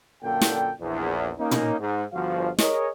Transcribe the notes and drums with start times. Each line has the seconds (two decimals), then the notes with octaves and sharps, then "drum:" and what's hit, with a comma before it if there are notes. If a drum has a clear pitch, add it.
0.23 F#2 A#2 D3 A#3 A4 G5
0.41 drum: snare
0.81 A#1 E2
1.39 A#3 C#4 D#4
1.51 drum: tom
1.80 G#2
2.13 G1 F3 F#4 F5
2.59 G#4 A#4 C#5 D#5, drum: snare